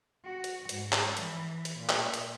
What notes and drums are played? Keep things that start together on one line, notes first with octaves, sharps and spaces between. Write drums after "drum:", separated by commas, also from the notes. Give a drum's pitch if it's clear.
F#4
drum: hi-hat
G#2, drum: hi-hat
drum: clap
E3, drum: hi-hat
drum: hi-hat
A#2
drum: clap
drum: hi-hat